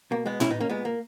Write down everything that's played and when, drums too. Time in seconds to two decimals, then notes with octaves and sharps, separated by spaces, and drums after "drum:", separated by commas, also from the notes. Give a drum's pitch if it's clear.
0.11 B2 A#3
0.26 G#3 B3
0.40 B2 C#4 E4, drum: tom A2
0.50 B3 D#4
0.60 A#3 C#4
0.69 A#2 G#3 B3
0.85 A#3